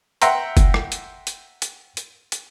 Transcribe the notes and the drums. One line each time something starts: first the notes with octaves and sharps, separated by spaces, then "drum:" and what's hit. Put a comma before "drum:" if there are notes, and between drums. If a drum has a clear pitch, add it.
E5 F#5 G5 A#5 C6, drum: hi-hat
drum: kick F#1, hi-hat
drum: rim click
drum: hi-hat
drum: hi-hat
drum: hi-hat
drum: hi-hat
drum: hi-hat